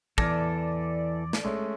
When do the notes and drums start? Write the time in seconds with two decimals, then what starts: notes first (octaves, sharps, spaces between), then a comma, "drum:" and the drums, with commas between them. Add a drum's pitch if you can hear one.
0.18 E2 E3 A4 D5 F6 G#6 A#6, drum: kick
1.33 drum: snare
1.44 G#3 A3 C#4